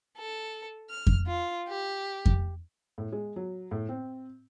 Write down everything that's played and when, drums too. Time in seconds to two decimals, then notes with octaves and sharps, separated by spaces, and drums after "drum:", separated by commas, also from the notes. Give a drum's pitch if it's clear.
0.17 A4
0.90 F6
1.07 drum: kick F2
1.27 F4
1.68 G4
2.26 drum: kick F2
2.98 A2
3.12 G#3
3.36 F#3
3.71 A2
3.89 C4